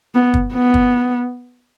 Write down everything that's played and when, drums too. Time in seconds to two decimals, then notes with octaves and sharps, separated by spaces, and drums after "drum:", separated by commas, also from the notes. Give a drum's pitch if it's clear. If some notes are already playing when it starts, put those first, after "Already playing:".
0.15 B3
0.34 drum: kick
0.54 B3
0.74 drum: kick